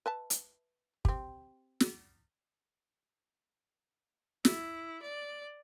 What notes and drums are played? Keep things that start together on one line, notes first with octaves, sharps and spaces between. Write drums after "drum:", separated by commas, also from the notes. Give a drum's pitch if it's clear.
B4 E5 A5
drum: hi-hat
C4 G4, drum: kick
drum: snare
E4, drum: snare
D5